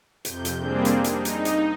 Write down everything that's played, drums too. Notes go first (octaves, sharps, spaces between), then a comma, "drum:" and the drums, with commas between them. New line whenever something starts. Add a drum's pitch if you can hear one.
F2 C3 G6, drum: hi-hat
drum: hi-hat
G3 A#3 C4 D4 G#4
drum: hi-hat
D#4, drum: hi-hat
drum: hi-hat
drum: hi-hat